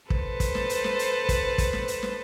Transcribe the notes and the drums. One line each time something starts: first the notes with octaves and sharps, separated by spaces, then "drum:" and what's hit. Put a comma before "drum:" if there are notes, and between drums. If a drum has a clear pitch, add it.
A4 B4 C5, drum: kick
drum: kick, hi-hat
drum: snare
drum: hi-hat
drum: snare
drum: hi-hat
drum: kick, hi-hat
drum: kick, hi-hat
drum: snare
drum: hi-hat
drum: snare